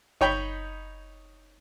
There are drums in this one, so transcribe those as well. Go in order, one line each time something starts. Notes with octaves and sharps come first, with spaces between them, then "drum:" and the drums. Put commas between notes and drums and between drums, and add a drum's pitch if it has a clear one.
D#4 C#5 G5 B5, drum: kick G1